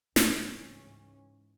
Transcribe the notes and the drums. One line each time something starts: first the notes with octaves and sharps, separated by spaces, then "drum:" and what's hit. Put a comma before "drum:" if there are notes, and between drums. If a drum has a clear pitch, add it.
C#2 G#2 E3 C#4, drum: snare